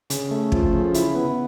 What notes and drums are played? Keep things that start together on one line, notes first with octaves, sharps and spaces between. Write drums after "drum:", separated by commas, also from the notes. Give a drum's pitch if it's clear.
C#3, drum: hi-hat
A3
F3, drum: kick
C#3
E4, drum: hi-hat
B3